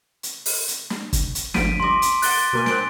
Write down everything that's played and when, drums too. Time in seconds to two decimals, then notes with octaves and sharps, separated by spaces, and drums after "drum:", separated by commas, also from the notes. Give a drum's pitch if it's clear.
0.23 drum: hi-hat
0.46 drum: open hi-hat
0.68 drum: hi-hat
0.90 drum: snare
1.13 drum: kick, hi-hat
1.35 drum: hi-hat
1.54 G#1 D2 F3 B6 D7 D#7, drum: snare
1.80 G2 D#5 C6 D6
2.02 drum: hi-hat
2.22 F#5 F#6 A6 D7 G7, drum: open hi-hat
2.53 B2 A#3 G#5
2.66 C4 F#6 G6 D7, drum: snare